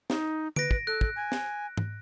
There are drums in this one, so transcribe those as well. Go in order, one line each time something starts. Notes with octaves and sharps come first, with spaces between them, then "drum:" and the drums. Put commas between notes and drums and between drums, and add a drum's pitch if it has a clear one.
D#4, drum: snare
B4 A#6 D7, drum: tom D3
drum: kick
A4 F#6
drum: kick
G#5
drum: snare
drum: tom G#2